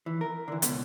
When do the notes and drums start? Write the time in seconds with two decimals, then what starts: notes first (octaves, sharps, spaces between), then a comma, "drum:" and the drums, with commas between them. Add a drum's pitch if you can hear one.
0.06 E3
0.21 A#4
0.48 D3 E3
0.62 C#2 B2, drum: hi-hat